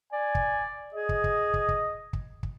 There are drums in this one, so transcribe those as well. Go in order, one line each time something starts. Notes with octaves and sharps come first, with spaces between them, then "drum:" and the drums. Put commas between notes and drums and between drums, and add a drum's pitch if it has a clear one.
D5 G#5
drum: kick
G#4 D#5
drum: kick
drum: kick
drum: kick
drum: kick
drum: kick
drum: kick